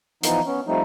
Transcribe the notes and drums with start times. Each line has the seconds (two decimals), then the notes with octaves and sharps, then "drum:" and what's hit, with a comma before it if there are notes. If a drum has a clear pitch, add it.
0.23 E3 F3 B3 D#4, drum: hi-hat
0.46 B3 C#4
0.67 F3 G3 A3 C4 D#4